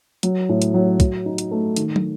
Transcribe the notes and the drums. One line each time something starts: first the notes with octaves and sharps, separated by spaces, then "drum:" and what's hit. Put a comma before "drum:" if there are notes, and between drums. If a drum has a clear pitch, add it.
F#3, drum: hi-hat
A2
drum: hi-hat
F#3
F#3, drum: kick, hi-hat
D#4
drum: hi-hat
A3
D#3, drum: hi-hat
drum: tom